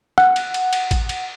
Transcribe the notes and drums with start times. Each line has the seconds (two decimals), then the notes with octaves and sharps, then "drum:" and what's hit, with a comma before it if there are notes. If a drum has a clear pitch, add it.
0.18 F#5, drum: rim click
0.36 drum: cymbal
0.54 drum: cymbal
0.73 drum: cymbal
0.91 drum: kick A1, cymbal
1.09 drum: cymbal